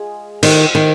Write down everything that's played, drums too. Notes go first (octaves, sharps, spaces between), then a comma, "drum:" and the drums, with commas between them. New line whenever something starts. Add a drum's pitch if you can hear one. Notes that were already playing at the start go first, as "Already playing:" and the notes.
Already playing: G#3 F4 G#4
D#3 F3 C4 G4, drum: cymbal
D#3